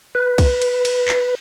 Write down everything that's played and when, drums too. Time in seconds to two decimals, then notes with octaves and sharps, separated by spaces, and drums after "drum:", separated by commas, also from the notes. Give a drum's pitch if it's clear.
0.15 B4
0.38 drum: kick, cymbal
0.62 drum: cymbal
0.85 drum: cymbal
1.08 drum: clap